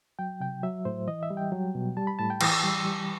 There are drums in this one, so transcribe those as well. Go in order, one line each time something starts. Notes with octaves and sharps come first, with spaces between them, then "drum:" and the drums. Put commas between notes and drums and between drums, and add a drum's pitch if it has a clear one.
F#3 G5
C3 G5
F#3 E5
A2 C5
E3 D#5
E5
G3
G5
F#3
B2
G3 A5
B5
A2 A5
G5
E3 G5, drum: cymbal
G3
G3